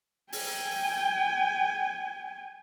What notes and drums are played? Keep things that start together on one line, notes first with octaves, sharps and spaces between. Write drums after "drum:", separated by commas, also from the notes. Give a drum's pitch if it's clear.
G5 G#5, drum: open hi-hat